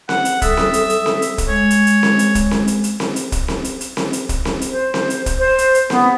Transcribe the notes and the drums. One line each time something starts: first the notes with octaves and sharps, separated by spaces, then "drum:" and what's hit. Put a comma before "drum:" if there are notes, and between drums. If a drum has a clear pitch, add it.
F#5, drum: snare C4
drum: hi-hat
G3 A4 E5 D#6, drum: kick, hi-hat
drum: snare C4
drum: hi-hat
drum: hi-hat
drum: snare C4
drum: hi-hat
drum: kick, hi-hat
G#3 C#5
drum: hi-hat
drum: hi-hat
drum: snare C4
drum: hi-hat
drum: kick, hi-hat
drum: snare C4
drum: hi-hat
drum: hi-hat
drum: snare C4
drum: hi-hat
drum: kick, hi-hat
drum: snare C4
drum: hi-hat
drum: hi-hat
drum: snare C4
drum: hi-hat
drum: kick, hi-hat
drum: snare C4
drum: hi-hat
C5
drum: snare C4
drum: hi-hat
drum: kick, hi-hat
C5
drum: hi-hat
drum: hi-hat
B3, drum: snare C4